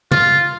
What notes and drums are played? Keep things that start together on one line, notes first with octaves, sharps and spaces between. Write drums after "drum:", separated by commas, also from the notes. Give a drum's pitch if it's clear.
F4, drum: tom